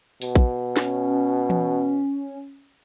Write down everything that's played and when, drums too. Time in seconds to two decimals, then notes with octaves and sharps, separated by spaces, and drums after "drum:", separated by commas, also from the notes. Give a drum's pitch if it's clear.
0.22 B2, drum: open hi-hat
0.35 drum: kick A#1
0.76 C#4, drum: snare
1.50 drum: tom E3